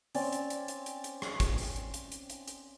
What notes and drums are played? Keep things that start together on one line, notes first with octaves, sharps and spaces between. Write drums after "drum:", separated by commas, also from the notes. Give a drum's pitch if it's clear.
C4 C#4 D5, drum: open hi-hat
drum: hi-hat
drum: hi-hat
drum: hi-hat
drum: hi-hat
drum: hi-hat
drum: rim click
drum: kick, hi-hat
drum: open hi-hat
drum: hi-hat
drum: hi-hat
drum: hi-hat
drum: hi-hat
drum: hi-hat